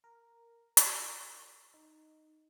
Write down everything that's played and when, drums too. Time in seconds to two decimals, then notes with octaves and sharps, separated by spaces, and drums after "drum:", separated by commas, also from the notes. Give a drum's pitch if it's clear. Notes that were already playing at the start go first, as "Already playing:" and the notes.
0.04 A#4
0.77 drum: hi-hat
1.74 D#4